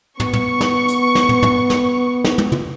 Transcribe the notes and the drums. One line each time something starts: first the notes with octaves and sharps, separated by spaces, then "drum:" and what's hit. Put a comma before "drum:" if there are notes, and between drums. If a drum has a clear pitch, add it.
B3 C#6, drum: tom
drum: tom
drum: snare
drum: hi-hat
drum: snare
drum: tom
drum: tom
drum: snare
drum: snare
drum: tom
drum: tom